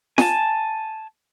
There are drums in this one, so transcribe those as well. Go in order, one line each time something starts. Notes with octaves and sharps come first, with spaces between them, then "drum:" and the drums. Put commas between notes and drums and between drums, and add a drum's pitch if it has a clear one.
G#5 A5, drum: snare